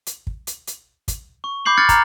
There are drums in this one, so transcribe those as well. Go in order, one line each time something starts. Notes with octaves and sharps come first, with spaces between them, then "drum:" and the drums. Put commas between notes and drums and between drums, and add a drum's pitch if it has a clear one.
drum: hi-hat
drum: kick
drum: hi-hat
drum: hi-hat
drum: kick, hi-hat
C#6
B5 D6 G6 C7 F#7
F6 F#6 G#6 A6 C#7
A#5 F6, drum: kick, hi-hat